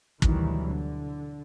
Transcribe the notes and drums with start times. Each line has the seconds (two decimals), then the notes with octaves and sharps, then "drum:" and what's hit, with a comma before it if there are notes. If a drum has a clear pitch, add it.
0.22 D2 B2 D#3 E3 F#3 G3, drum: kick
0.68 D3